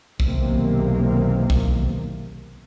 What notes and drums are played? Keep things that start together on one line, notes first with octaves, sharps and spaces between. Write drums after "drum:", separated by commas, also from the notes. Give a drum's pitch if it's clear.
B1 E2 C3 D#3 A#3, drum: kick A#1
drum: kick A#1